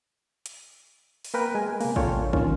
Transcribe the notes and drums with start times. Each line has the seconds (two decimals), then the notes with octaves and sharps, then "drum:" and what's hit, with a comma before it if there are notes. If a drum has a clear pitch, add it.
0.46 drum: hi-hat
1.24 drum: open hi-hat
1.34 A#3 A#4 B4 G5
1.55 G#3 G#5
1.81 C3 A#3, drum: open hi-hat
1.96 D4 F4 A4 C#5 G5, drum: kick
2.33 D#3 C#4 F4, drum: kick